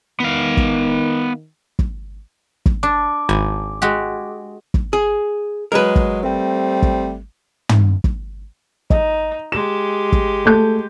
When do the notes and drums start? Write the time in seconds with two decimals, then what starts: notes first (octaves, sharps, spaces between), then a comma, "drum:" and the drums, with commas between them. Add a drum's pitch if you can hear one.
0.20 D#3 B3 F5
0.57 drum: kick
1.79 drum: kick
2.66 drum: kick
2.83 D4 D6
3.29 G#1 G#5
3.82 G#3 F#4 G4
4.74 drum: kick
4.93 G#4
5.72 F#3 G#3 A#4 B4
5.96 drum: kick
6.22 G3 A3 C4
6.82 drum: kick
7.69 drum: tom
8.04 drum: kick
8.90 D#4 D#5, drum: kick
9.52 G#3 G4 E7
10.12 drum: kick
10.46 A3 G6